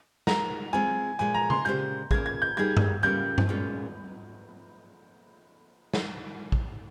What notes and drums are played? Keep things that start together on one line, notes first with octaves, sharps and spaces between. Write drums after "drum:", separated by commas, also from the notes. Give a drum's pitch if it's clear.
G#3 D#4 A#4 A#5, drum: snare
G#3 C4 F4 G#5
A#2 F3 G#3 G#5
A#5
C6, drum: tom C#3
A#2 G#3 C#4 G4 C5 G6
A#3 C#4 G#4 G#6, drum: kick A#1
G#6
G6
G3 A#3 D#4 G#4 G#6
drum: tom G2
C#3 G3 A#3 C#4 G6
drum: tom G2
A#2 G#3 C#4 F4
drum: snare
drum: kick A#1